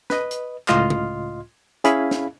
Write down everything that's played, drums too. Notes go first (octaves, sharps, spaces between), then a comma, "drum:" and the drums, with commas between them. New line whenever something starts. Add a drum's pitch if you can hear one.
B4 D#5, drum: snare
drum: hi-hat
C#2 A2 F4 D#5 C6 F6, drum: clap
drum: tom
C#4 E4 G#4 F5 B5, drum: hi-hat
drum: snare